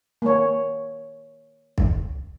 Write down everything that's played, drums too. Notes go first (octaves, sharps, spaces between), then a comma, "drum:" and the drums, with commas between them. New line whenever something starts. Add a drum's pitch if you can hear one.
A#3 C#5
drum: kick